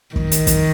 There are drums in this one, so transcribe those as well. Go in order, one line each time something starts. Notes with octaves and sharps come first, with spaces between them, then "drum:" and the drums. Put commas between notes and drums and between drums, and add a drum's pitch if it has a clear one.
D#3, drum: kick
drum: hi-hat
drum: kick, hi-hat